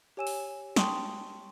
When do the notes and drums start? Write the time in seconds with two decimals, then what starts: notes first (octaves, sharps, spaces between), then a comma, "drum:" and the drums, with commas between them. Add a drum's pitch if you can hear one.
0.17 G4 C#5 G#5 E6 E7
0.27 drum: open hi-hat
0.76 G5 A5 C6 C#6 D#6, drum: snare